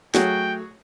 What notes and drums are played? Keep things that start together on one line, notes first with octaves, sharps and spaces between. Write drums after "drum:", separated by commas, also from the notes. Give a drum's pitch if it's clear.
F#3 A3 F#4 G#4 C#5 G5, drum: snare